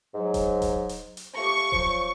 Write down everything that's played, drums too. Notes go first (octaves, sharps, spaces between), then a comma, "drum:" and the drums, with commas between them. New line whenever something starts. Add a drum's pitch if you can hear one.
G#2 F#3
drum: kick D#1, hi-hat
drum: kick D#1, hi-hat
drum: hi-hat
drum: hi-hat
A3 F4 G4 C#6
F3 F#3, drum: kick D#1